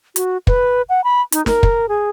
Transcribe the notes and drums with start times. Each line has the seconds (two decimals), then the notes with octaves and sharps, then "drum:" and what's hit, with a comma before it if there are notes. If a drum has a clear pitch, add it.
0.16 F#4, drum: hi-hat
0.47 B4, drum: kick
0.89 F#5
1.04 B5
1.32 D#4, drum: hi-hat
1.46 A#4, drum: snare
1.63 drum: kick
1.89 G#4